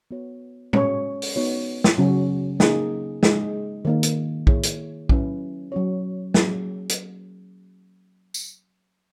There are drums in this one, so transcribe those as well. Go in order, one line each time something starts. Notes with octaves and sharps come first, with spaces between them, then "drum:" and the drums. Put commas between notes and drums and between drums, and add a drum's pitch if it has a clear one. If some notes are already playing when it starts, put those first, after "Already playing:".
B3 F#4 C#5
G#3 C#4 F#4 C#5, drum: tom
drum: open hi-hat
B3 D#4 F#4 C#5
drum: snare
C#3 F#3 C#4 F#4
A#3 D#4 G#4, drum: snare
G#3 D#4 G#4, drum: snare
D#3 A#3 D#4
drum: hi-hat
A#3 E4 G#4 C#5, drum: kick
drum: hi-hat
F#3 C#4 E4 B4, drum: kick
F#3 C#4 F#4 C#5
F#3 A#3 C#4 G#4, drum: snare
drum: hi-hat
drum: tambourine